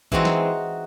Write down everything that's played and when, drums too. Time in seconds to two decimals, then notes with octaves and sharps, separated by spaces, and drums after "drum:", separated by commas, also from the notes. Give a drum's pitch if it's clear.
0.12 E3 G#3 C4 D#4 F#4, drum: kick
0.25 drum: snare